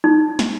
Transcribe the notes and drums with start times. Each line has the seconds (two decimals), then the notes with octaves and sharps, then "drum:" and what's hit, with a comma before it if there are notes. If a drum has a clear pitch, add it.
0.04 D#4
0.39 drum: snare